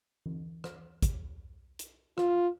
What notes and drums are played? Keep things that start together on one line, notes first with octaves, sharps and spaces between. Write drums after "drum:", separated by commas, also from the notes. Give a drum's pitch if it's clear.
drum: tom E3
drum: rim click
drum: kick, hi-hat
drum: hi-hat
F4, drum: rim click